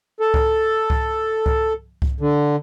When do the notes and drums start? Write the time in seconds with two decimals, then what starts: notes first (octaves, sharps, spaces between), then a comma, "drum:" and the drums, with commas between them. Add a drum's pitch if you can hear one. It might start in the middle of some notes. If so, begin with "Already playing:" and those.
0.20 A4
0.34 drum: kick C2
0.90 drum: kick C2
1.46 drum: kick C2
2.02 drum: kick C2
2.21 D3